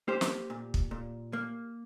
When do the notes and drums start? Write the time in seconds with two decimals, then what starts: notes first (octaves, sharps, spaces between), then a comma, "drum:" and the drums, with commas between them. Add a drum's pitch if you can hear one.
0.08 A#3 G4 C5
0.21 drum: snare
0.50 A#2
0.74 drum: kick
0.91 A#2
1.33 A#3